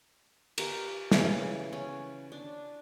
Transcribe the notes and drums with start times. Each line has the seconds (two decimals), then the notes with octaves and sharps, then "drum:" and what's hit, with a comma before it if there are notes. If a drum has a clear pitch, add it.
0.58 G4 A#4, drum: cymbal
1.12 C#3 E3 D6, drum: snare
1.73 C#4
2.32 D4